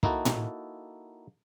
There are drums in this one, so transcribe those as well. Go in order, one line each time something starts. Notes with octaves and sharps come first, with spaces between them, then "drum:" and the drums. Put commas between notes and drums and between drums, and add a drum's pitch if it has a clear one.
A#3 D#4 E4 F#4 A4, drum: kick
drum: tom A2